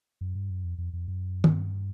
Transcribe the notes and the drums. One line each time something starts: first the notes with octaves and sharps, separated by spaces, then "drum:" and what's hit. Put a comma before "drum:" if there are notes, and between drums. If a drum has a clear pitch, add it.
F#2
G2
F#2
F2
F2
F2
F#2
G#2, drum: tom
G2